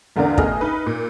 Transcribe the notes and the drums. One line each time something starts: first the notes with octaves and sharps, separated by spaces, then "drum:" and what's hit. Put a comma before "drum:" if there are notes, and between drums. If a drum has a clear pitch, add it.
A1 E2 D3 A#3 A#4 D5
A2 B3 G#4 D#5 F6, drum: kick
D#4 B4
A#2